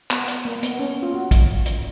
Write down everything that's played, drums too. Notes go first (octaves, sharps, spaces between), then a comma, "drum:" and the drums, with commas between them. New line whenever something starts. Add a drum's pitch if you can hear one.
B3, drum: clap
drum: hi-hat
A#3
B3, drum: hi-hat
C#4
F4
F#4
drum: kick, hi-hat
drum: hi-hat